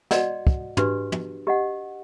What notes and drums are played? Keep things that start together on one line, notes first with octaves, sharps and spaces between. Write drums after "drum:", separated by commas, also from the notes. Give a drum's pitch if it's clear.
F#4 D5 D#5 F#5, drum: snare
drum: kick
D4 F#4 G4 B4, drum: tom
drum: tom
G4 D#5 F#5